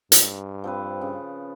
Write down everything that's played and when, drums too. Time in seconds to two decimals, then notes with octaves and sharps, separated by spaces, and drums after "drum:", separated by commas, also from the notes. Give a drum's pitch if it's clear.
0.12 G2, drum: hi-hat
0.64 F3 C4 B4
1.01 C#3